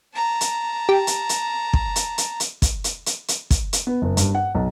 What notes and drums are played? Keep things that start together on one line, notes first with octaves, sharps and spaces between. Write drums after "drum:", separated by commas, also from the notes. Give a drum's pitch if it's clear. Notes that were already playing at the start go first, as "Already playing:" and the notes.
A5 A#5
drum: hi-hat
G4
drum: hi-hat
drum: hi-hat
drum: kick
drum: hi-hat
drum: hi-hat
drum: hi-hat
drum: kick, hi-hat
drum: hi-hat
drum: hi-hat
drum: hi-hat
drum: kick, hi-hat
drum: hi-hat
B3
F#1
G2, drum: hi-hat
F#5
B1